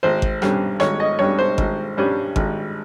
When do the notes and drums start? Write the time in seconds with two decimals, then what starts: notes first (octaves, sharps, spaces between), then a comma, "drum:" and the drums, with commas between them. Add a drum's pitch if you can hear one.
0.03 G#1 C5
0.22 drum: kick G#1
0.42 G2 G3 C#4, drum: rim click
0.80 G#1 C#5, drum: rim click
1.00 D#5
1.19 G2 G3 C#4 C#5
1.38 C5
1.58 G#1, drum: kick G#1
1.97 G2 G3 C#4
2.36 G#1, drum: kick G#1